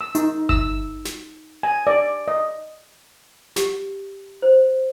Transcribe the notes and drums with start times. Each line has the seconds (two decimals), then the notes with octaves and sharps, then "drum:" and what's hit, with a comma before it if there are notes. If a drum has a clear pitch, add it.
0.01 E6
0.15 D#4, drum: hi-hat
0.49 E6, drum: kick G1
1.05 drum: snare
1.63 G#5
1.87 D5
2.28 D#5
3.56 G4, drum: snare
4.42 C5